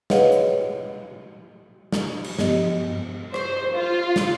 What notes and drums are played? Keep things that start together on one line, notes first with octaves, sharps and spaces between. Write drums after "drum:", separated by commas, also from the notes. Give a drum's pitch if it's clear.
G#4 B4 C#5 D#5 F5 F#5, drum: snare
drum: hi-hat
drum: snare
drum: cymbal
G2 F3 B3 G4 D#5, drum: snare
C5, drum: rim click
F4
drum: snare